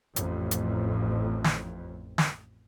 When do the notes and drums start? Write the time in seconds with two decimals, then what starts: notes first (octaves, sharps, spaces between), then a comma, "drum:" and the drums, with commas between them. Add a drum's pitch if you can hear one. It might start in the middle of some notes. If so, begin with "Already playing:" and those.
0.16 A1 F2, drum: hi-hat
0.51 drum: hi-hat
1.44 drum: snare
2.18 drum: snare